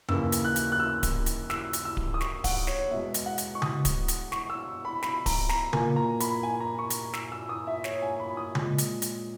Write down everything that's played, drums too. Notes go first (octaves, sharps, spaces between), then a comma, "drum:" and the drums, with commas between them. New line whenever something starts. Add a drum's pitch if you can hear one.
D#2 C#3 E3 A#3 E6, drum: tom F#2
drum: hi-hat
F#6
drum: hi-hat
F#6
E6
drum: kick D1, hi-hat
drum: hi-hat
E6, drum: snare
drum: hi-hat
E6
drum: kick D1
D#6
C#6, drum: snare
F#5, drum: kick D1, open hi-hat
C#5, drum: snare
E2 B2 G#3 E5
drum: hi-hat
F#5
drum: hi-hat
C#6
D#6, drum: tom C#3
drum: kick D1, hi-hat
drum: hi-hat
C#6, drum: snare
E6
B5
B5, drum: snare
A#5, drum: kick D1, open hi-hat
A#5, drum: snare
A#2 A#3 G#5, drum: tom C#3
A#5
B5, drum: hi-hat
G#5
A#5
C#6
drum: hi-hat
E6, drum: snare
E6
D#6
E5
C#5, drum: snare
G#5
B5
D#6
A#2 G#3, drum: tom C#3
drum: hi-hat
drum: hi-hat